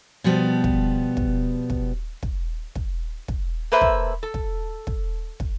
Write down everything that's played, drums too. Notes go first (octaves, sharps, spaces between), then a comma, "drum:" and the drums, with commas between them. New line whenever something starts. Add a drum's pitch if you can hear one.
B2 F3 G3 B3
drum: kick
drum: kick
drum: kick
drum: kick
drum: kick
drum: kick
A#3 A4 B4 C5 E5
drum: kick
A4
drum: kick
drum: kick
drum: kick